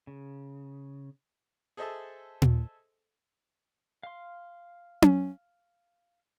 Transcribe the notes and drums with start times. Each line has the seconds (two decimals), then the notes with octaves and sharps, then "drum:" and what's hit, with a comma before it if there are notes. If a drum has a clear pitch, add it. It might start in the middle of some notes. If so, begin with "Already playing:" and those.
0.07 C#3
1.77 G#4 A4 C5 D#5 E5 A5
2.42 drum: tom A#2
4.03 F5 C6
5.02 drum: tom C#4